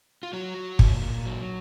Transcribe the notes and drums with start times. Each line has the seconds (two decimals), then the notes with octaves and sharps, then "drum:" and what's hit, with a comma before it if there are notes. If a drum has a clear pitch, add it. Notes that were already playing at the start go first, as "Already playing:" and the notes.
0.23 F4
0.33 F#3 F#4
0.57 F#3
0.79 A#2, drum: kick
1.02 A#2
1.25 F#3